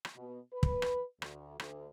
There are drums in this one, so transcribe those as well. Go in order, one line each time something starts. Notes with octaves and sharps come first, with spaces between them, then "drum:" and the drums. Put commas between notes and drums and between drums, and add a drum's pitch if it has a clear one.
drum: rim click
B2
B4
drum: kick
drum: rim click
D2, drum: rim click
D2, drum: rim click